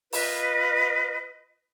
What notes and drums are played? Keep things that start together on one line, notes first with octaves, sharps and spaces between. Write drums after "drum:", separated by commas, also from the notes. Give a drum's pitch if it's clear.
F4 B4 D#5, drum: open hi-hat